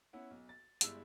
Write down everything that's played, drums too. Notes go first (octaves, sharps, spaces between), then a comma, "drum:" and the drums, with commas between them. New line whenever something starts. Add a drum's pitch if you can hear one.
B3 C#4 E4 F#5
B1
A6
G1 G2 G#3 E4 E6, drum: hi-hat